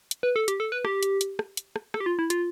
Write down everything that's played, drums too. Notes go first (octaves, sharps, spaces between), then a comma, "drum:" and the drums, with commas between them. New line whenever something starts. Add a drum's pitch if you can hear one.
drum: hi-hat
B4
A4
G4, drum: hi-hat
A4
B4
G4, drum: rim click
drum: hi-hat
drum: hi-hat
drum: rim click
drum: hi-hat
drum: rim click
A4, drum: rim click
G4
F4
E4
F4, drum: hi-hat